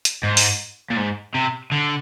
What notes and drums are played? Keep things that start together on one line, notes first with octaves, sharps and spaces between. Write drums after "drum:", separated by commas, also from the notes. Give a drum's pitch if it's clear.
drum: hi-hat
G#2
drum: open hi-hat
A#2
G#2
C3
D3